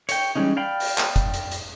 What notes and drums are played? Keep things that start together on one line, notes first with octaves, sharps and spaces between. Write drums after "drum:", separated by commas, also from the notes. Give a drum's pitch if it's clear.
C#5 G5, drum: hi-hat
E3 G3 G#3 C#4 D#4
D5 F5 G5 B5
drum: open hi-hat
drum: clap
drum: kick F#1, hi-hat
drum: hi-hat
drum: hi-hat